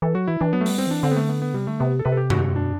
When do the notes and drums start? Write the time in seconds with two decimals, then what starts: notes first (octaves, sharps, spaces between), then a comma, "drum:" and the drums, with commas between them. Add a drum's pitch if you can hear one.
0.02 E3 A4
0.15 F#3 F#4
0.27 E3 E4
0.40 E3 D4
0.53 F#3 B3
0.61 A3
0.66 G3 B3, drum: open hi-hat
0.78 C4
0.87 E3 D4
1.03 D3 C4
1.11 B3
1.16 A3
1.29 B3
1.42 B3
1.54 C3 G3
1.67 D3 A3
1.80 C3 B3
1.99 A4
2.05 C3 B4
2.12 A4
2.17 G4
2.30 F#4, drum: tom F#2
2.43 F#4
2.55 B2 D4